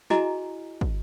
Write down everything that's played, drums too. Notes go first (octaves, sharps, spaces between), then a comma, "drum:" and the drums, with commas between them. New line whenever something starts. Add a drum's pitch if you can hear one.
E4 F#4 G#4 D#5 G#5 A#5, drum: snare
drum: kick